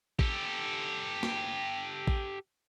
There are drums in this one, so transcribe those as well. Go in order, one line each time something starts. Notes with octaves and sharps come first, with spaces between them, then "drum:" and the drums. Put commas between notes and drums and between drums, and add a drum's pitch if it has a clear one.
G4 A4, drum: kick A1
drum: snare
drum: kick A1